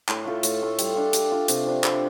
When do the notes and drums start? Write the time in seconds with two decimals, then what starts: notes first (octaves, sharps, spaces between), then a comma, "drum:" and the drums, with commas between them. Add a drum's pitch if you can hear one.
0.08 A2, drum: clap
0.25 A3 F4 A4
0.43 A2, drum: hi-hat
0.61 A3 F4 A4
0.79 G3, drum: hi-hat
0.96 D4 F4
1.13 G3, drum: hi-hat
1.32 D4 F4
1.48 C3, drum: hi-hat
1.67 F3 D4
1.84 C3, drum: clap